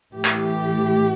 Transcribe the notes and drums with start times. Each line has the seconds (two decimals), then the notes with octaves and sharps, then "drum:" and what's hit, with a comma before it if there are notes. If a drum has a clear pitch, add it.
0.15 A2 E3 A3 G4
0.25 drum: clap